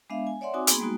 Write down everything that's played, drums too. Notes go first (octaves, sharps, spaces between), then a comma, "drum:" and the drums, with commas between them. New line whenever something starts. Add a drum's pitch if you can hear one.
G#3 B3 D4 E5 F5
G#5
C#5 D5 E5 F#5 C6
C4 D#4 F#4 G#5 D6 D#6
A#3 B3 G#4 B5 C6, drum: hi-hat
G3 G#3 A#3 D#4 F#4